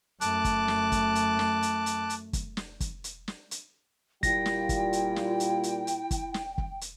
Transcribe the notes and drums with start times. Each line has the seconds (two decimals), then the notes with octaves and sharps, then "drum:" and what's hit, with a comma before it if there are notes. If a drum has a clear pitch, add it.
0.21 F#2 A3 A5 D6 F#6, drum: hi-hat
0.45 drum: kick, hi-hat
0.68 drum: snare
0.92 drum: kick, hi-hat
1.15 drum: hi-hat
1.39 drum: snare
1.62 drum: hi-hat
1.86 drum: hi-hat
2.10 drum: hi-hat
2.33 drum: kick, hi-hat
2.57 drum: snare
2.80 drum: kick, hi-hat
3.04 drum: hi-hat
3.28 drum: snare
3.51 drum: hi-hat
4.23 A#2 G3 E4 F4 G5 A#6, drum: kick, hi-hat
4.46 drum: snare
4.69 drum: kick, hi-hat
4.93 drum: hi-hat
5.16 drum: snare
5.40 drum: hi-hat
5.63 drum: hi-hat
5.87 drum: hi-hat
6.11 drum: kick, hi-hat
6.34 drum: snare
6.58 drum: kick
6.81 drum: hi-hat